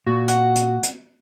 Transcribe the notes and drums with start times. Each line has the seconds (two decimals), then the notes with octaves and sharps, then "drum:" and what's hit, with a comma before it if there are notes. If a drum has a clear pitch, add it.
0.06 A#2 F#4
0.28 F#5, drum: hi-hat
0.55 drum: hi-hat
0.83 drum: hi-hat